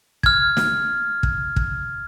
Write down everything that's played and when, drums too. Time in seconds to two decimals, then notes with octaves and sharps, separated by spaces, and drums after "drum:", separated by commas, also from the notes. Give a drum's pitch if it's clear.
0.23 F6 G#6, drum: kick
0.57 drum: snare
1.23 drum: kick
1.56 drum: kick